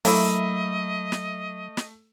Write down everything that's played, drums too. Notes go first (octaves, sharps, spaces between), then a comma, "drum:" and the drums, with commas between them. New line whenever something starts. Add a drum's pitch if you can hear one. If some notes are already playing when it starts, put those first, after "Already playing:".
F#3 A3 A#3 E4 D#5, drum: open hi-hat
drum: snare
drum: snare